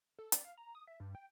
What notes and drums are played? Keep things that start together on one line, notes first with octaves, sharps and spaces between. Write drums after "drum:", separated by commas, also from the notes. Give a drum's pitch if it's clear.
A4
D5, drum: hi-hat
F5
A#5
D#6
E5
G2
G5